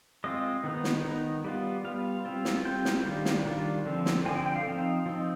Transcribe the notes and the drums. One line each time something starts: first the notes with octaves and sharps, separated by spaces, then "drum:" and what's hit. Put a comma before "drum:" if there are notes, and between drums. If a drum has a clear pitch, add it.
G#3 C4 F4 D#5
D#3 B3 D#4
drum: snare
D#3 B3 D#4
G3 B3 F4
G3 B3 F4 F5
G3 C4 F4
drum: snare
G3 C4 F4 G5
drum: snare
D#3 G3 D4 F4
drum: snare
D#3 G3 D4 F4
D3 F3 C4
drum: snare
D3 F3 C4 G#5
G5
G5
F5
F3 C4 D#4
F3 C4 D#4